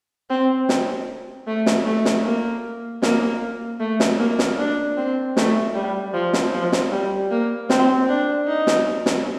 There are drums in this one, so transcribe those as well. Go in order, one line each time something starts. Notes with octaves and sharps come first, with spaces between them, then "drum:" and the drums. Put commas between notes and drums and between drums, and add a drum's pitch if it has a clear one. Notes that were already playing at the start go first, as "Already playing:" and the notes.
C4
drum: snare
A3
drum: snare
A3
drum: snare
A#3
A#3, drum: snare
A3
drum: snare
A#3
drum: snare
D4
C4
A3, drum: snare
G3
F3
drum: snare
F3
drum: snare
G3
A#3
C4, drum: snare
D4
D#4
drum: snare
drum: snare